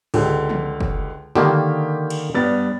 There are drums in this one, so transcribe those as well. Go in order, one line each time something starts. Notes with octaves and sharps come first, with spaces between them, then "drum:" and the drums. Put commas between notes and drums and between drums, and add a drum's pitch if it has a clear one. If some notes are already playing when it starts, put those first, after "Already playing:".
C#2 D3 G4, drum: open hi-hat
drum: tom
drum: kick
D3 D#3 A#3 G4, drum: snare
drum: cymbal
G2 G3 B3 A6